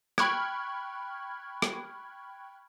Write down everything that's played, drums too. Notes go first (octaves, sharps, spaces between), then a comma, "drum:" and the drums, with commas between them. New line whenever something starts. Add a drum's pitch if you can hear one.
G5 B5 C#6 F6 F#6 G#6, drum: rim click
drum: rim click